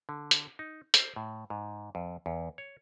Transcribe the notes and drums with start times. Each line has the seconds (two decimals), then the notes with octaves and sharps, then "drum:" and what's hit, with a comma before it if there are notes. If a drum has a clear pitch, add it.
0.09 D3
0.31 drum: hi-hat
0.59 D#4
0.94 C5, drum: hi-hat
1.16 A2
1.50 G#2
1.95 F2
2.26 E2
2.58 C#5